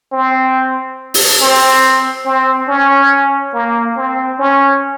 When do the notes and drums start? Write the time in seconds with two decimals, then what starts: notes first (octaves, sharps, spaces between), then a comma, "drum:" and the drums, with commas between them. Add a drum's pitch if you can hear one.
0.13 C4
1.14 drum: open hi-hat
1.41 C4
2.26 C4
2.68 C#4
3.54 A#3
3.97 C4
4.39 C#4